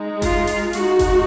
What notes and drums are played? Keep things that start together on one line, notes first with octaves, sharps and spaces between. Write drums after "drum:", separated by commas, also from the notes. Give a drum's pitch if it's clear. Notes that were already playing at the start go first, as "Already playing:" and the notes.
Already playing: G#3 D#4
F4, drum: kick F#1, hi-hat
drum: hi-hat
G#3 D#4 F#4, drum: hi-hat
drum: kick F#1, hi-hat